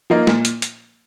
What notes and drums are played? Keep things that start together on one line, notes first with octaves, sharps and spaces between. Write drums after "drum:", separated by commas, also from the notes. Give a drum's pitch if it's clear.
F3 A#3 D#4
A#2, drum: snare
drum: hi-hat
drum: hi-hat